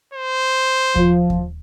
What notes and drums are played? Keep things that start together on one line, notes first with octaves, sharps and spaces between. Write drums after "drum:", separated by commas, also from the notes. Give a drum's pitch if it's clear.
C5
F3, drum: kick D#2
drum: kick D#2